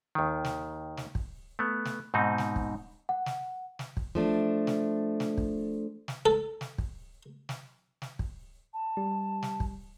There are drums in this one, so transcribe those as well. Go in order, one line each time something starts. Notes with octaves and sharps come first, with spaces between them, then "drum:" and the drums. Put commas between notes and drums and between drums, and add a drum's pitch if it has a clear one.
D#2 D#3
drum: snare
drum: snare
drum: kick
A3 B3
drum: snare
G#2 B2 C4 D#4
drum: snare
drum: kick
F#5
drum: snare
drum: snare
drum: kick
F3 A3 D4
drum: snare
drum: snare
drum: kick
drum: snare
A4
drum: snare
drum: kick
drum: snare
drum: snare
drum: kick
A5
G3
drum: snare
drum: kick